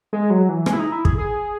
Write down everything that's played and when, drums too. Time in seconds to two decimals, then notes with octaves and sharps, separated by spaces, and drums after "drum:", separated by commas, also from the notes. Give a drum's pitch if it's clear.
0.13 G#3
0.30 F#3
0.49 E3
0.66 G#3, drum: rim click
0.73 E4
0.79 D#4
0.92 E4
1.05 G#4, drum: kick
1.18 G#4